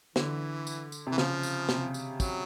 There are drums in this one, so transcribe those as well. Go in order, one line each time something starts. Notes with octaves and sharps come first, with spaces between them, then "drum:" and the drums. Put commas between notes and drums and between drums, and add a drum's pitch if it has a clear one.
D3 E3, drum: snare
drum: tambourine
drum: tambourine
C3 E3
C#3 F3, drum: snare
drum: tambourine
C3, drum: snare
drum: tambourine
F#3, drum: kick, tambourine